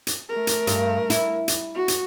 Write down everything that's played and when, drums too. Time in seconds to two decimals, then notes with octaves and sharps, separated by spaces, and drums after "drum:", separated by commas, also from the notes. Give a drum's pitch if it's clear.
0.07 drum: hi-hat
0.29 A3 A#4
0.47 drum: hi-hat
0.67 G2, drum: hi-hat
1.10 E4, drum: hi-hat
1.48 drum: hi-hat
1.75 F#4
1.88 drum: hi-hat